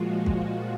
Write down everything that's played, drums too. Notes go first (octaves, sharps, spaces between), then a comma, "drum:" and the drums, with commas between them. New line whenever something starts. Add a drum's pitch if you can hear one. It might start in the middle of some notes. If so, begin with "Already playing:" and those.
Already playing: A#2 F3 G#3 F4 F#4
F4, drum: kick